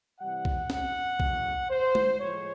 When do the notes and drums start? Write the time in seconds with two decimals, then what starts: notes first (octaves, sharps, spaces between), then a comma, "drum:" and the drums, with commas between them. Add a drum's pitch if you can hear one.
0.20 C3 E3 G3 F#5
0.45 drum: kick B1
0.70 F#5, drum: snare
1.20 E2 C#3 F#3 A3, drum: kick B1
1.70 C5
1.95 drum: tom G#3
2.20 A2 F3 G#3 C#5